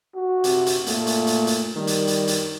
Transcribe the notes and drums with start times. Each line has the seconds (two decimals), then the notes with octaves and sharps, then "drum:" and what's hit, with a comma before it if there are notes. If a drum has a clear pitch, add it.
0.15 F#4
0.44 C3, drum: hi-hat
0.66 drum: hi-hat
0.87 A#2 A3, drum: hi-hat
1.07 drum: hi-hat
1.27 drum: hi-hat
1.47 drum: hi-hat
1.76 D#3 G3
1.87 drum: hi-hat
2.07 drum: hi-hat
2.28 drum: hi-hat